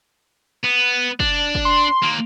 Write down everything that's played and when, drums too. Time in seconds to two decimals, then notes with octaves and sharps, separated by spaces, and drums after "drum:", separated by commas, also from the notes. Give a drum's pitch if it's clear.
0.64 B3
1.20 D4, drum: kick
1.55 drum: kick
1.65 C6
2.02 D#3 A#3